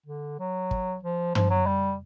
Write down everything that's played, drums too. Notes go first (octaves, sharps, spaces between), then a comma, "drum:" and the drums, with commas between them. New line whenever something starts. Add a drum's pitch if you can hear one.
D3
F#3
drum: kick
F3
F3, drum: tom
F#3
G3